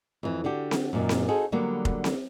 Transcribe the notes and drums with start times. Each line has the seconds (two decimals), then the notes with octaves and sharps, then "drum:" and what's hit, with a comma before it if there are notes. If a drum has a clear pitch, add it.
0.23 F2 E3
0.44 D3 D4 F#4 G4
0.71 drum: snare C4
0.93 F#2 A#2 D#3
1.09 drum: snare C4
1.28 D#4 F#4 G#4 A4 C5
1.52 D3 F#3 G3 A#3 B3
1.85 drum: kick F1
2.04 drum: snare C4